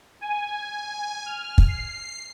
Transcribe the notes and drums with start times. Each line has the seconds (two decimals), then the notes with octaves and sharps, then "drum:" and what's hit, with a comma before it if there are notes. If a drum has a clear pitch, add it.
0.21 G#5
1.26 F6
1.58 drum: kick
1.68 C7